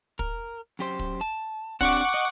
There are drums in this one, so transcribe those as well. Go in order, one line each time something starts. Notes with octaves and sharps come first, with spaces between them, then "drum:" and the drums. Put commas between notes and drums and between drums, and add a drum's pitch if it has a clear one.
A#4, drum: kick
F#2 G4 C5
drum: kick
A5
C4 D4 G4 F#5 C#6 D6, drum: kick
D#5